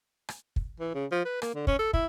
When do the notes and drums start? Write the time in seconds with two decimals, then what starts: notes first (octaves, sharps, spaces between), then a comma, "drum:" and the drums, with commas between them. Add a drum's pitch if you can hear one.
0.29 drum: rim click
0.56 drum: kick
0.80 E3
0.94 C#3
1.11 F3
1.25 B4
1.42 A#3, drum: rim click
1.55 D3
1.67 C#4, drum: kick
1.79 A4
1.93 E4, drum: kick